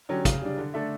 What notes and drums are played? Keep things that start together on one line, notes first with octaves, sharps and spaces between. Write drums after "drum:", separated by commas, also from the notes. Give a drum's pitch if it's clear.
D3 F#3 C#4 G4
C#3, drum: kick, hi-hat
G3 D4
D3
A3 D4 A4 E5